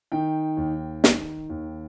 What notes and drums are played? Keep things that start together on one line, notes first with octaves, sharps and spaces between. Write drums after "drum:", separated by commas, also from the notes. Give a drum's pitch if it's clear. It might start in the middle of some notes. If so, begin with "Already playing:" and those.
D#3 G5
D#2
D#3, drum: snare
D#2